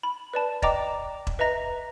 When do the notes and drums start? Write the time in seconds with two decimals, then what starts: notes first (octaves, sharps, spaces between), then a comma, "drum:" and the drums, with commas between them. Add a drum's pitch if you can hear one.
0.03 B5
0.34 B4 D5 A5
0.62 D5 D#5 G5 A#5 D6, drum: kick E1
1.27 drum: kick E1
1.39 B4 D#5 E5 A#5 A#6